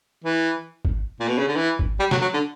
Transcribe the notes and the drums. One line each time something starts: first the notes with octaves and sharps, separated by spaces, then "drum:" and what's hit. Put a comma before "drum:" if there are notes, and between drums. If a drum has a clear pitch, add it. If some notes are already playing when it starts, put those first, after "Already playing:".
E3
drum: kick G#1
A#2
B2
C#3
D3
E3
drum: kick G#1
G3
F#3, drum: snare
F#3
D3